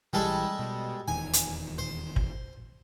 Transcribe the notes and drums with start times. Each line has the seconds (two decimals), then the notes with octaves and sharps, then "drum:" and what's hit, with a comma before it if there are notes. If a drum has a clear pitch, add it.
0.13 A#1 E3 G3 G#3 A4
0.59 B2
1.08 D#1 E2 D#3 G#5
1.33 drum: hi-hat
1.78 C5
2.16 drum: kick